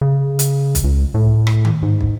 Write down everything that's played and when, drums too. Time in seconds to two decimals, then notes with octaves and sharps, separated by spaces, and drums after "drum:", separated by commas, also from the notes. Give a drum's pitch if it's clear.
0.01 C#3
0.39 drum: hi-hat
0.75 drum: kick, hi-hat
0.84 C#2
1.14 A2
1.47 drum: rim click
1.65 drum: tom D#3
1.83 G#2
2.01 drum: kick